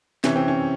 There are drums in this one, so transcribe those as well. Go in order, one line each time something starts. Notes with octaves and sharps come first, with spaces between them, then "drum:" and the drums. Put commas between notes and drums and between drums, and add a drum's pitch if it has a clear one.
C3 E3 C#4, drum: snare
C4
C#4